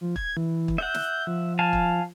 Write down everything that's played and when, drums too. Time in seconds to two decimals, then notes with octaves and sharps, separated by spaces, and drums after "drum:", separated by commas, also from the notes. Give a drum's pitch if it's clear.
0.01 F3
0.16 G#6, drum: kick
0.37 E3
0.68 drum: kick
0.78 E5 F#5 G6
0.94 drum: snare
1.27 F3
1.59 F5 G#5 A5
1.73 drum: kick